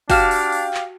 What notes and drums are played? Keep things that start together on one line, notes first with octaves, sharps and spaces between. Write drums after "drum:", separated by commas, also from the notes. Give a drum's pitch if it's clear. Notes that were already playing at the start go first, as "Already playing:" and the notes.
D4 F#4 G4 F5 G5 A5 F6 E7, drum: kick, open hi-hat
drum: open hi-hat
drum: open hi-hat
drum: clap